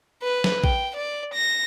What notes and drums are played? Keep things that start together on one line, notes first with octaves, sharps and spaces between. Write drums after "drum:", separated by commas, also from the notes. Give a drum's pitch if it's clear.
B4
drum: snare
G5, drum: kick A#1
D5
A#6